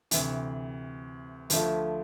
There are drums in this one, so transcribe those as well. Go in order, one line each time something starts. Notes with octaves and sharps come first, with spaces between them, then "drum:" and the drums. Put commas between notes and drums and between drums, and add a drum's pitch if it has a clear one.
D2 C3 E3, drum: hi-hat
D2 D3 F3 A3 E4, drum: hi-hat